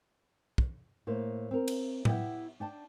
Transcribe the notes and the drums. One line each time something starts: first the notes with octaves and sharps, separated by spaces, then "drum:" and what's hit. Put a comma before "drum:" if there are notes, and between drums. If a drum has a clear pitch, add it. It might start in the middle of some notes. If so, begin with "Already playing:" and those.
drum: kick
A2 A#3 C5
C4 A#4
drum: cymbal
B3 E4 G4 D#5 F#5 G5, drum: tom A2
D4 G5 A5